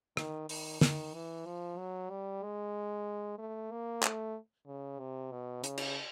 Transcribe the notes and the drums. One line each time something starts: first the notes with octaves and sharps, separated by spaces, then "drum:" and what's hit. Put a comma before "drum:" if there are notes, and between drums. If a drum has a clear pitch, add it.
D#3, drum: rim click
D#3, drum: open hi-hat
D#3, drum: snare
E3
F3
F#3
G3
G#3
A3
A#3
A3, drum: clap
C#3
C3
B2
C#3, drum: hi-hat
drum: cymbal